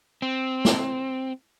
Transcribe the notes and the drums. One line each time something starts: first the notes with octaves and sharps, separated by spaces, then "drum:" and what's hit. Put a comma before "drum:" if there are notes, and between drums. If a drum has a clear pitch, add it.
C4
drum: snare